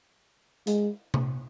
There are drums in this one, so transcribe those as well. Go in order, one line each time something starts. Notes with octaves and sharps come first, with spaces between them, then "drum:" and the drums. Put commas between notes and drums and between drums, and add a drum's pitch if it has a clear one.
G#3, drum: hi-hat
drum: tom C3